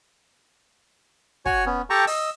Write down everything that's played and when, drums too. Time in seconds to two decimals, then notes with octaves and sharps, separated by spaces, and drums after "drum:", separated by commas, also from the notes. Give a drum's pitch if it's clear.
1.46 F#4 C#5 G#5, drum: kick
1.66 B3 C#4
1.90 G4 A4 G5 A5 A#5 C#6
2.07 D#5 E6, drum: open hi-hat